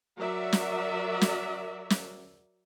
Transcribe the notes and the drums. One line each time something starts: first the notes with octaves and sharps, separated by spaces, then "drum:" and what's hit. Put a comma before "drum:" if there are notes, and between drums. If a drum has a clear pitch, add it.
F#3 F#4 A#4 D5 E5
drum: snare
drum: snare
drum: snare